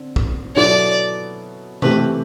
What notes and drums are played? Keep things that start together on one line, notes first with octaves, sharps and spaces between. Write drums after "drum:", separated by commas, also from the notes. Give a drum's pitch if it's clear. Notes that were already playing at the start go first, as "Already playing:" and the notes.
Already playing: D3 C4
drum: kick
B2 F#3 B3 E4 A4 D5
E3 A3 C4 E4 G4 B4, drum: tom B2